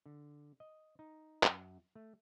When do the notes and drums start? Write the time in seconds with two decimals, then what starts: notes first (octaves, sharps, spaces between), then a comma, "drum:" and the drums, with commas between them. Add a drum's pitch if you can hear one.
0.06 D3
0.60 D#5
0.99 D#4
1.43 F#2, drum: clap
1.95 A3